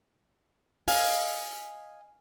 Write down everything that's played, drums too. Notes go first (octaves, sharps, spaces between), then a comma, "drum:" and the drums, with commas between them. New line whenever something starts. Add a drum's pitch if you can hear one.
D#5 F5 G#5, drum: open hi-hat